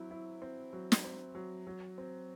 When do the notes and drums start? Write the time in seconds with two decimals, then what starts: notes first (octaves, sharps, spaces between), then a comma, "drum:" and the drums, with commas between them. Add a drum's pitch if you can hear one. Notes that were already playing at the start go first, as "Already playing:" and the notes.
Already playing: F#3 C4 E4
0.11 E4
0.42 C4
0.73 F#3
0.92 drum: snare
1.04 C4
1.35 F#3
1.67 F#3
1.98 C4